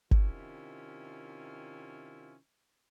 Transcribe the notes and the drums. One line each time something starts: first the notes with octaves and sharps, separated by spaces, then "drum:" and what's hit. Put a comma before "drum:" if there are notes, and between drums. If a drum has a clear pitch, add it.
C3 D#3 C#4 E4 F4, drum: kick G1